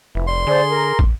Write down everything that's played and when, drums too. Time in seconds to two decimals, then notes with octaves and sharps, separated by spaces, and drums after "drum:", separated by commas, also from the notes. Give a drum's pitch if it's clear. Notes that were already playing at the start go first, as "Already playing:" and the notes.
0.15 F1 E3
0.28 G3 C6
0.47 D3 G#4 C5 D5
0.68 A#4
0.99 drum: kick